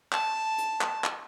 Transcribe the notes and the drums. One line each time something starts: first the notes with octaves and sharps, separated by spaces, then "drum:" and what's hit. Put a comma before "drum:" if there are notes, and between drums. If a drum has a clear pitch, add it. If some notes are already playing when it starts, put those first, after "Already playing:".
A5, drum: clap
drum: hi-hat
drum: clap
drum: clap